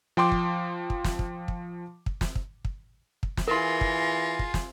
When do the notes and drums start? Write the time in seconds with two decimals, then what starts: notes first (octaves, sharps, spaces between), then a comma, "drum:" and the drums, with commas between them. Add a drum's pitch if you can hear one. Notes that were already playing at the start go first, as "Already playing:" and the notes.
0.17 F3 G5 C6 D6
0.32 drum: kick
0.90 drum: kick
1.04 drum: snare
1.19 drum: kick
1.48 drum: kick
2.06 drum: kick
2.21 drum: snare
2.35 drum: kick
2.65 drum: kick
3.23 drum: kick
3.37 drum: snare
3.48 E3 F4 G#4 A#4 C6 A#6
3.81 drum: kick
4.39 drum: kick
4.54 drum: snare